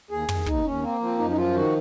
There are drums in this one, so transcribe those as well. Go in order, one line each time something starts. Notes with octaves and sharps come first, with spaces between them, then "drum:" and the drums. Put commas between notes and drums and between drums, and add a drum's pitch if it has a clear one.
D#2 G#4
D#2, drum: tom
D#2 D#4, drum: kick
D#2 C#4
A#3 C4
F3 C4
F#2 D#4
D#4
F3 F4
D#3 F#4